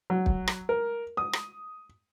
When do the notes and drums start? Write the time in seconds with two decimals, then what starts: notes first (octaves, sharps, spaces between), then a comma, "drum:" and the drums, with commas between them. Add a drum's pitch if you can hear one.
0.10 F#3
0.26 drum: kick
0.47 drum: rim click
0.69 A#4
1.17 D#6
1.33 drum: rim click